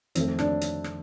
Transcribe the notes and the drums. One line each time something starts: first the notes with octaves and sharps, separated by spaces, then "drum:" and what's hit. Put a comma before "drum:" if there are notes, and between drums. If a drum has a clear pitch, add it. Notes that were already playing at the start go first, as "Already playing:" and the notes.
F2 D#3 A3 C4, drum: hi-hat
D4, drum: rim click
drum: hi-hat
drum: rim click